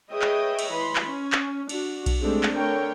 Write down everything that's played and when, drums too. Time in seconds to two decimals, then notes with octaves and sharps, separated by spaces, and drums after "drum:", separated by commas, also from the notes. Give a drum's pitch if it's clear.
0.12 G#4 B4 C#5 D#5 E5 G5
0.22 drum: clap
0.59 drum: cymbal
0.71 E3 B5 C6
0.96 drum: clap
1.05 C#4
1.32 drum: clap
1.69 D4 F#4, drum: cymbal
2.06 drum: kick B1, cymbal
2.21 G#3 A3 C4 D4 G4 A4
2.43 drum: clap
2.53 D3 A3 A#4 C#5 G5